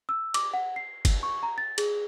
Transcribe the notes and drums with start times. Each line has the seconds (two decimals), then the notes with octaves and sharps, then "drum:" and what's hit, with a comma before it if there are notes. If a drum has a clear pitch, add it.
0.09 E6
0.34 D6, drum: cymbal
0.54 F#5
0.76 C7
1.05 drum: kick G1, cymbal
1.23 C#6
1.43 A#5
1.58 A6
1.78 G#4, drum: cymbal